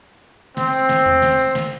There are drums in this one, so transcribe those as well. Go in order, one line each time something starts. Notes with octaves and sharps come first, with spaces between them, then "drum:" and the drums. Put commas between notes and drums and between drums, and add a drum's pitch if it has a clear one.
C4, drum: snare
drum: tambourine
drum: snare
drum: tom E2
drum: snare
drum: tambourine
drum: snare